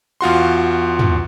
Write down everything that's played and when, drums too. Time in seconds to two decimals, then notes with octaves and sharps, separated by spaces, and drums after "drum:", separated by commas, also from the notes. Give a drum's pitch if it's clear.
0.21 E2 F4 F#4 C6
0.99 drum: tom